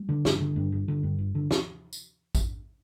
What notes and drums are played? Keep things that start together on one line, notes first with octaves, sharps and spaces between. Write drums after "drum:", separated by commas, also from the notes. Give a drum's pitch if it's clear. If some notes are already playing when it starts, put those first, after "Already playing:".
Already playing: G3
D3
G1, drum: snare
D3
G2
G1
D3
G2
G1
D3
drum: snare
drum: tambourine
drum: kick A1, tambourine